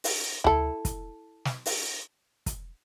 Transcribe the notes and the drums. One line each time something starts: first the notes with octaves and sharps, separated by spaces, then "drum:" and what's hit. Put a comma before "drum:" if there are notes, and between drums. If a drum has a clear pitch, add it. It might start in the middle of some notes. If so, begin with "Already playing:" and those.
drum: open hi-hat
E4 A4, drum: tom D2
drum: kick, hi-hat
drum: snare
drum: open hi-hat
drum: kick, hi-hat